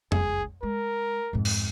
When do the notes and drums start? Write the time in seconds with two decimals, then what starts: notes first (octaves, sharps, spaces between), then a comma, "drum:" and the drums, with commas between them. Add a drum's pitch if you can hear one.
0.12 F#1 C#2 G#4, drum: tom F2
0.63 G#3 A#4
1.33 F2 G#2
1.45 drum: cymbal